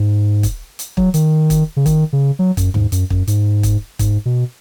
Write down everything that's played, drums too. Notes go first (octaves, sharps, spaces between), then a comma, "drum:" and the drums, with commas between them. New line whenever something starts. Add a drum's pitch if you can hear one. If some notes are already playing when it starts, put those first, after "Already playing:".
Already playing: G#2
drum: kick, hi-hat
drum: hi-hat
F#3, drum: kick
D#3, drum: hi-hat
drum: kick, hi-hat
C#3
D#3, drum: kick, hi-hat
C#3
F#3
F#2, drum: kick, hi-hat
G#2, drum: tom
F#2, drum: hi-hat
F#2, drum: kick
G#2, drum: hi-hat
drum: kick, hi-hat
G#2, drum: kick, hi-hat
B2